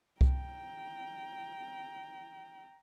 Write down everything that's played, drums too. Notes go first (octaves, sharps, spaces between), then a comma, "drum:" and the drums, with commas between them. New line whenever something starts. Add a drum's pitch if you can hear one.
G5 A#5, drum: kick C2